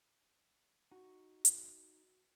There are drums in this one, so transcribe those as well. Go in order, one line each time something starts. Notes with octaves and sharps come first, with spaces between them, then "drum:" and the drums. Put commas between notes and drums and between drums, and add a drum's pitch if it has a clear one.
D#4 F#4 C#6
drum: hi-hat